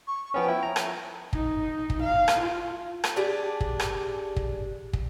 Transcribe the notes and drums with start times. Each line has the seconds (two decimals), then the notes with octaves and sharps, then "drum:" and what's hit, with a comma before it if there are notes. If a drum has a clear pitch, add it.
0.07 C#6
0.34 F3 B3 C#4 G5
0.48 E4
0.63 A#5
0.76 drum: rim click
1.33 D#4, drum: kick
1.90 drum: kick
2.01 F5
2.28 drum: rim click
2.40 F4
3.04 drum: rim click
3.16 D4 G4 G#4
3.61 drum: kick
3.80 drum: rim click
4.36 drum: kick
4.93 drum: kick